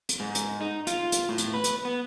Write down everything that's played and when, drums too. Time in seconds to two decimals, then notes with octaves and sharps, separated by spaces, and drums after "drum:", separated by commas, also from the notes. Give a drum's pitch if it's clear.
0.09 drum: hi-hat
0.20 G#2
0.35 drum: hi-hat
0.61 D#4
0.87 F4, drum: hi-hat
1.12 drum: hi-hat
1.29 A2
1.38 drum: hi-hat
1.54 B4
1.64 drum: hi-hat
1.85 B3